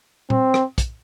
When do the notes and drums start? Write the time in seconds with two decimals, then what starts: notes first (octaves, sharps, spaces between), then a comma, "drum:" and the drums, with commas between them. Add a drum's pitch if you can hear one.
0.30 C4, drum: tom A#2
0.54 drum: rim click
0.78 drum: kick, hi-hat